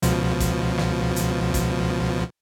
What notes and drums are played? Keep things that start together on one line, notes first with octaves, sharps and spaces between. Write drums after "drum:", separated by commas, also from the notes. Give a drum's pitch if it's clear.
C#2 B2 F3, drum: hi-hat
drum: kick, hi-hat
drum: snare
drum: hi-hat
drum: kick, hi-hat